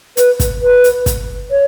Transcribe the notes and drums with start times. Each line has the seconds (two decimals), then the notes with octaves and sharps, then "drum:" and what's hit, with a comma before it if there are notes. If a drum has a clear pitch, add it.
0.17 B4, drum: hi-hat
0.40 drum: kick, hi-hat
0.62 B4
0.84 drum: hi-hat
1.06 drum: kick, hi-hat
1.51 C#5